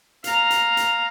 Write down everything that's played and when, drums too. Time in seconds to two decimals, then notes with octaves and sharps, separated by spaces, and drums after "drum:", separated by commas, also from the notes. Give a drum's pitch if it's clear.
0.24 F5 A#5, drum: hi-hat
0.50 drum: hi-hat
0.77 drum: hi-hat